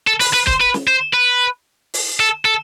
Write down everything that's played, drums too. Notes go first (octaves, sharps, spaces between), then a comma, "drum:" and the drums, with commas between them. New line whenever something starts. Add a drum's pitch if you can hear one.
A4
B4, drum: open hi-hat
B4
C5, drum: kick
B4
drum: snare
C5
B4
drum: open hi-hat
A4
A4